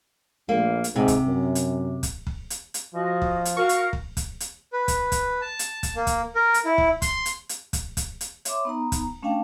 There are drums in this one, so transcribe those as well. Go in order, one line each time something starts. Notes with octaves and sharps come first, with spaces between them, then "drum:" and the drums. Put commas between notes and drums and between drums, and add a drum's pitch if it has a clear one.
A#1 A#3
drum: hi-hat
G#2 C3
drum: kick, hi-hat
F#2
drum: hi-hat
drum: kick, hi-hat
drum: kick
drum: hi-hat
drum: hi-hat
F3 F#4 D#5
drum: kick
drum: hi-hat
F#4 A#4 F5 C#6
drum: hi-hat
drum: kick
drum: kick, hi-hat
drum: hi-hat
B4
drum: kick, hi-hat
drum: kick, hi-hat
A5
drum: hi-hat
drum: kick, hi-hat
A#3
drum: kick, hi-hat
A#4
drum: hi-hat
E4
drum: kick
C6, drum: kick, hi-hat
drum: hi-hat
drum: hi-hat
drum: kick, hi-hat
drum: kick, hi-hat
drum: hi-hat
C#5 E5 C6 D6, drum: hi-hat
B3 D#4 A#5
drum: kick, hi-hat
A3 C#4 D4 F5 G5 A5